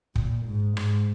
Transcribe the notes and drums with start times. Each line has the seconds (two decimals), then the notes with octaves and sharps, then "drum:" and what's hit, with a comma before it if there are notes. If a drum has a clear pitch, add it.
0.15 A#2, drum: kick
0.46 G#2
0.77 G#2, drum: rim click